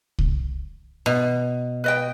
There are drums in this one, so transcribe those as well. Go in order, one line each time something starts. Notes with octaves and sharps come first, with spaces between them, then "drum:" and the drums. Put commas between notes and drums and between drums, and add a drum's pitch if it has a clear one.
drum: kick C2
B2
B4 D#5 G5